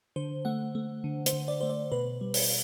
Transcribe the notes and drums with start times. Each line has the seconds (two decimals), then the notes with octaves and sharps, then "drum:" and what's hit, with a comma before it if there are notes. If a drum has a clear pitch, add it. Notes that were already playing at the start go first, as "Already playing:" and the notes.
0.16 D3 C5
0.45 A3 F#5
0.75 A3
1.04 D3
1.26 C5, drum: hi-hat
1.33 D3
1.48 D5
1.61 A3 C5
1.70 D5
1.92 B2 B4
2.21 G3
2.34 drum: open hi-hat